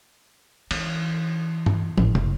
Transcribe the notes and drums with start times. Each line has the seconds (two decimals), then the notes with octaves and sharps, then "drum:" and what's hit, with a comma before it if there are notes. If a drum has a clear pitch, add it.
0.71 E3, drum: cymbal
1.66 drum: tom G2
1.98 A1, drum: tom
2.15 F#1, drum: tom